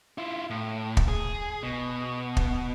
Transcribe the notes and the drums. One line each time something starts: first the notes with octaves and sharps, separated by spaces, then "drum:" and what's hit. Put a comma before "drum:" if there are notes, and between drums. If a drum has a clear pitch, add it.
E4 F4
A2
drum: kick
G#4
B2
drum: kick